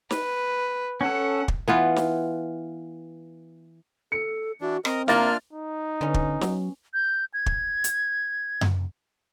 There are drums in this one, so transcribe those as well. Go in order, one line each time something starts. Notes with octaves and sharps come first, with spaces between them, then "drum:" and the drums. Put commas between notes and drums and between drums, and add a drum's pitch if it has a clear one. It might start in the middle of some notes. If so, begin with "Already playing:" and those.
B4, drum: snare
C#4 A4 F#5
drum: kick
E3 B3 F4
drum: snare
A4 C#7
E3 D4 F#4
C4 A#4 D#5, drum: rim click
A#3 D4 F4 E5 A#5 F6 A6, drum: snare
D#4
D3 B3 C#4
drum: kick
F#3, drum: snare
G6
G#6
drum: kick
drum: hi-hat
drum: tom F#2